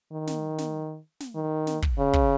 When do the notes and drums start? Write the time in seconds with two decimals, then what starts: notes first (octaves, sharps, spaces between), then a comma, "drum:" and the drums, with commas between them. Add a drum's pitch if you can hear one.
0.12 D#3
0.27 drum: snare
0.58 drum: snare
1.20 drum: snare
1.35 D#3
1.67 drum: snare
1.82 drum: kick
1.98 C#3
2.13 drum: kick